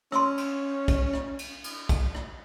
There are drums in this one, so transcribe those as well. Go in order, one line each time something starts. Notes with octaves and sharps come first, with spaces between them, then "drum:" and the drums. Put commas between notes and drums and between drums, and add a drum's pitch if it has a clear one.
C#4 C6 E6, drum: rim click
drum: cymbal
drum: kick, cymbal
drum: rim click
drum: cymbal
drum: cymbal
drum: kick, cymbal
drum: rim click